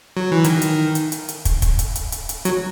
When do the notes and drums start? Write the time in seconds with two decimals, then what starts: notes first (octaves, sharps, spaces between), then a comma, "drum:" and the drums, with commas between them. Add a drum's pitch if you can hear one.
0.17 F#3
0.32 E3
0.44 D#3, drum: hi-hat
0.62 drum: hi-hat
0.95 drum: hi-hat
1.12 drum: hi-hat
1.29 drum: hi-hat
1.45 drum: kick, hi-hat
1.62 drum: kick, hi-hat
1.79 drum: hi-hat
1.96 drum: hi-hat
2.12 drum: hi-hat
2.29 drum: hi-hat
2.45 F#3, drum: hi-hat